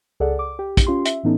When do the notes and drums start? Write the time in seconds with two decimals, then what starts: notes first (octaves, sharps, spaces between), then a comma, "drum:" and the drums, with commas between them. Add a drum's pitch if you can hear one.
0.20 C#2 G#4 A4 D5 F#5
0.39 D6
0.59 G4
0.77 drum: kick, hi-hat
0.87 C#4 F4 G4 C6
1.05 E5, drum: hi-hat
1.24 A2 E3 B3 C#4 D#4 A4